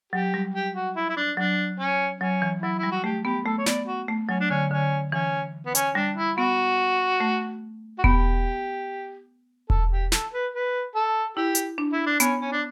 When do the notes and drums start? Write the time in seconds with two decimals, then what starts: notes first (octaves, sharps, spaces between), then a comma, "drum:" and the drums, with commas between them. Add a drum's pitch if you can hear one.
0.13 F#3 G4
0.34 G3
0.55 G4
0.75 F#4
0.96 E4
1.09 E4
1.17 D4
1.37 F#3 D4
1.79 C#4
2.21 F#3 C#4
2.42 E3
2.62 F#3 E4
2.78 G3 E4
2.91 F#4
3.04 A3 G4
3.25 B3 G4
3.46 A3 A4
3.58 C#5
3.66 B3 D5, drum: snare
3.87 F#4
4.08 A3
4.29 F#3 C#4
4.40 D4
4.50 D3 C#4
4.71 D3 C#4
5.12 E3 C#4
5.66 B3
5.75 C#4, drum: hi-hat
5.95 G3 D4
6.16 E4
6.37 B3 F#4
7.20 A3
7.98 F#4
8.04 B3 G4, drum: kick E1
9.70 A4, drum: kick E1
9.91 G4
10.12 A4, drum: snare
10.32 B4
10.54 B4
10.95 A4
11.37 E4 G4
11.55 drum: hi-hat
11.78 D4
11.92 E4
12.06 D4
12.20 B3 C#4, drum: hi-hat
12.41 C#4
12.52 D4